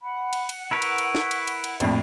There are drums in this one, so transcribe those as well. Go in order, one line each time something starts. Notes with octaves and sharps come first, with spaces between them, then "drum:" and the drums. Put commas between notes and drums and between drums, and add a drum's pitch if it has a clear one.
F#5 B5
drum: cymbal
drum: cymbal
E4 A#4 B4 C#6
drum: cymbal
drum: cymbal
drum: snare
drum: cymbal
drum: cymbal
drum: cymbal
A#1 F2 A2 D5, drum: cymbal